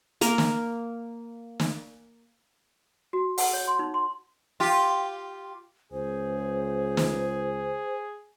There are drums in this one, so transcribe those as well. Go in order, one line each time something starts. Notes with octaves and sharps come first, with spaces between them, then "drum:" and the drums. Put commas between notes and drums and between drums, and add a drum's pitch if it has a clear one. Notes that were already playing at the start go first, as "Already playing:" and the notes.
A#3 A#4, drum: hi-hat
drum: snare
drum: snare
F#4
F#5, drum: open hi-hat
C#5
C6
D#4
C6
F4 G4
C#2 G#4 C5
drum: snare